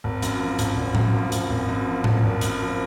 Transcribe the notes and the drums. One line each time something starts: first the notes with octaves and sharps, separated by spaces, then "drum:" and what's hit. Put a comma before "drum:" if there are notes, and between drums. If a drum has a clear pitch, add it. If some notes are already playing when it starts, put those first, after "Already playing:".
G#1
F#2, drum: hi-hat
F3
G#1, drum: hi-hat
G#1
F#2, drum: tom A2
F3
G#1, drum: hi-hat
G#1
F#2
F3
G#1, drum: tom A2
G#1
F#2, drum: hi-hat
F3